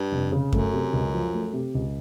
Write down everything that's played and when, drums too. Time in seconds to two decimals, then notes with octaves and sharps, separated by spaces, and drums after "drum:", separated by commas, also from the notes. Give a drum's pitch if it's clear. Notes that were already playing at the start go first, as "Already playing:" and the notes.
Already playing: G2
0.12 F1
0.32 C#3
0.53 F#2 A3, drum: kick F#2
0.73 C3
0.93 C#2
1.13 F3
1.33 A3
1.53 C3
1.75 C#2